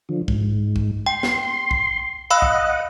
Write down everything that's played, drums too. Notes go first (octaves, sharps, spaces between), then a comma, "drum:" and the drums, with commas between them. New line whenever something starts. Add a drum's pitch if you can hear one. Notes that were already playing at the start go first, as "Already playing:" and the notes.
D3 F3
G#2, drum: kick
drum: kick
G5 C6
drum: snare
drum: kick
D#5 F5 F#5 B5 E6
drum: kick